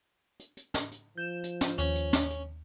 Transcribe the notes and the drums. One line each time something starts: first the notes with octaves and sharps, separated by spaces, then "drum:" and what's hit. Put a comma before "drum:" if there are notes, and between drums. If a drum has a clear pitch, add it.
drum: hi-hat
drum: hi-hat
drum: snare
drum: hi-hat
F3 G6 E7
drum: hi-hat
drum: snare
D#2 C#4, drum: hi-hat
drum: hi-hat
drum: snare
drum: hi-hat